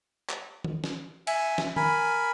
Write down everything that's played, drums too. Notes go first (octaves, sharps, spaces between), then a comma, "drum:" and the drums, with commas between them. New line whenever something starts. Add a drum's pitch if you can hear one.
drum: clap
drum: tom D#3
drum: snare
E5 G#5, drum: cymbal
drum: snare
A#4 G#5 B5, drum: tom D#3